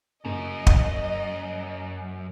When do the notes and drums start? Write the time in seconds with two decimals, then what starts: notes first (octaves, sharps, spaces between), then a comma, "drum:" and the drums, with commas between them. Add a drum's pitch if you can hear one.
0.25 F#1 F#2 D#5
0.67 drum: kick